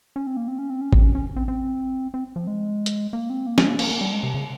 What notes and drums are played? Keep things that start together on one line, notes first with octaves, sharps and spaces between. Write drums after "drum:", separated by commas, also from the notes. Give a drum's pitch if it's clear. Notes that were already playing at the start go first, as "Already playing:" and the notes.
C#4
C4
A#3
C4
C#4
C4
C#4
C4, drum: kick G#1
C#4
C#4
C4
C4
C4
F3
G#3
drum: hi-hat
A#3
C4
A#3
G#3, drum: snare
A#3
A#3, drum: cymbal
A#3
G3
G#3
C3
C#3